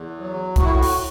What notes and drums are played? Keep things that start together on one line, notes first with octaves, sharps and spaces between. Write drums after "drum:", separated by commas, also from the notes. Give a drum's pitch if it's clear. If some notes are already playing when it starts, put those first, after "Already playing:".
Already playing: E2
F#3
A2 F#4, drum: kick, hi-hat
E4
F#4
drum: open hi-hat